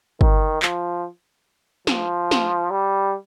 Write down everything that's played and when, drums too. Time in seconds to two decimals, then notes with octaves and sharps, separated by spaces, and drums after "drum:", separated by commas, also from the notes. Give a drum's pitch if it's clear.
0.21 D#3, drum: kick G1
0.62 F3, drum: clap
1.87 F3, drum: snare
2.31 drum: snare
2.71 G3